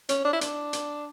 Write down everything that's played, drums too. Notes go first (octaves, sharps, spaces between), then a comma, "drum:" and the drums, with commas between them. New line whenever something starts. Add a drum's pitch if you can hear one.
C#4, drum: hi-hat
D4
E4
D4, drum: hi-hat
drum: hi-hat